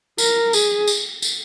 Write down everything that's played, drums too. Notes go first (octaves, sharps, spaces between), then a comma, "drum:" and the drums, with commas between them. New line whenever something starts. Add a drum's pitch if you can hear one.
A#4, drum: tambourine
G#4, drum: tambourine
drum: tambourine
drum: tambourine